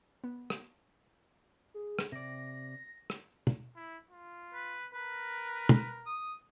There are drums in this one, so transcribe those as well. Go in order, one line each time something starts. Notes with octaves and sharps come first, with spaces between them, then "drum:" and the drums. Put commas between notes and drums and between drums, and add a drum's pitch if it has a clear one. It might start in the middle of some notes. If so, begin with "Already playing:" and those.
B3
drum: rim click
G#4
drum: rim click
C3 D5 A#6
drum: rim click
drum: tom
E4
F4
B4
A#4 B4
drum: tom B2
D#6